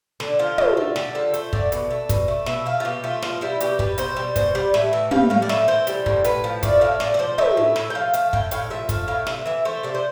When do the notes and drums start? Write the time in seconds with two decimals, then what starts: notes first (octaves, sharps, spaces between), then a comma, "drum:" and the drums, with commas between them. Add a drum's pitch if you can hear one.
0.20 D3 D4, drum: snare
0.39 F3 F4
0.58 A3, drum: tom
0.77 D3
0.96 D3 G4, drum: snare
1.15 F3 A4
1.34 A3 C5, drum: hi-hat
1.53 D3 D5, drum: kick
1.72 B2, drum: hi-hat
1.91 A3
2.09 B2, drum: kick, hi-hat
2.28 A3
2.46 B2 E5, drum: snare
2.66 A3 F5
2.80 F4
2.85 B2 G4
3.04 A3 F4
3.22 B2 F4, drum: snare
3.41 G3 E4
3.60 B2 G4, drum: hi-hat
3.79 G3 B4, drum: kick
3.98 B2 C5, drum: hi-hat
4.17 G3
4.36 B2 C5, drum: kick, hi-hat
4.55 G3 D5
4.74 A2 E5, drum: snare
4.93 E3
5.11 G3 F5, drum: tom
5.30 A2 F5
5.42 D5
5.49 A2 E5, drum: snare
5.68 E3 C5
5.87 G3, drum: hi-hat
6.06 A2, drum: kick
6.24 A2 B4, drum: hi-hat
6.44 F3
6.63 A3 D5, drum: kick, hi-hat
6.81 A2 F5
7.00 A2 D5, drum: snare
7.14 D5
7.19 F3 C5
7.38 A3 E5, drum: tom
7.57 A2
7.76 A2 E5, drum: snare
7.90 G5
7.95 F3 F5
8.13 A3 F5, drum: hi-hat
8.33 A2 G5, drum: kick
8.51 A2 F5, drum: hi-hat
8.70 F3 E5
8.89 A3 F5, drum: kick, hi-hat
9.08 A2 F5
9.27 C3 E5, drum: snare
9.46 E3 E5
9.65 A3 C5
9.83 C3 D5
9.95 C5